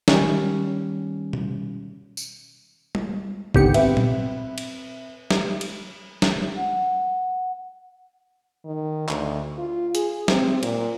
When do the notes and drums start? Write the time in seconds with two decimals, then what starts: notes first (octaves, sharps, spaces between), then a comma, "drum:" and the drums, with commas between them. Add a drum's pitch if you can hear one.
0.08 D#3 G3 C#4, drum: snare
1.33 drum: tom B2
2.17 drum: tambourine
2.95 drum: tom G3
3.54 G#1 D3 D#3 B3 G4 C#7, drum: kick
3.74 C4 B4 E5, drum: cymbal
3.97 drum: tom A#2
4.58 drum: cymbal
5.31 drum: snare
5.61 drum: cymbal
6.22 drum: snare
6.57 F#5
8.65 D#3
9.09 D2, drum: clap
9.58 F4
9.95 G#4, drum: hi-hat
10.28 C4, drum: snare
10.63 A#2, drum: cymbal